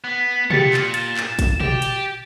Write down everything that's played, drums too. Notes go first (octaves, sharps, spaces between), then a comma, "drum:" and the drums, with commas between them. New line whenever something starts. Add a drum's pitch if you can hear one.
B3 B6
A#2 G4 A6 C#7, drum: tom
drum: clap
A6 E7, drum: hi-hat
drum: clap
drum: kick, hi-hat
G4, drum: tom
drum: hi-hat